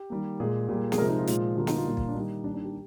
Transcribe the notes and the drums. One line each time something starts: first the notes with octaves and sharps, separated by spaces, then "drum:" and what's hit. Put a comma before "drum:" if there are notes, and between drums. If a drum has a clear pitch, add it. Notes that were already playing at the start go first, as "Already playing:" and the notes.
Already playing: G4
D#3 G3 A#3
A#2 G#3 G#4
A#2 G3 A#3
G#4, drum: snare
C3 F3 G#3 A#4
D#4
F4
A#2 F3 G#3, drum: hi-hat
D3 G3 A#3 F4
D#4, drum: snare
F4
A#2 G3 A#3
drum: kick
D4
D#3 G3 A#3 D#4
D#3 G3 A#3 D4
D4
G4